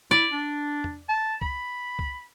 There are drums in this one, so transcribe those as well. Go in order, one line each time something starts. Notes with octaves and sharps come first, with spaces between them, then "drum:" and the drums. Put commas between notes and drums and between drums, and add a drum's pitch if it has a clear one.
E4 D5
D4
drum: tom
A5
B5, drum: kick C#2
drum: kick C#2